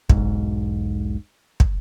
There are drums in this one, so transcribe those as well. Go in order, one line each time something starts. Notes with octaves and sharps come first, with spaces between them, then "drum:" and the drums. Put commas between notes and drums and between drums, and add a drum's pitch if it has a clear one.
E1 B1 G#2, drum: kick
drum: kick